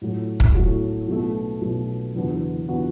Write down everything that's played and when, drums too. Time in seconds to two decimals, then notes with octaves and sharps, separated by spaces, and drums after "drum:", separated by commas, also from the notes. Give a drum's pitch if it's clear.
0.01 A2 F#3 A3 F#4
0.40 drum: kick
0.55 A2 F#3 A3 F#4
1.08 B1 B2 A3
1.61 B1 B2 A3
2.15 F#1 E2 D3 B3 F#4
2.68 D3 B3 F#4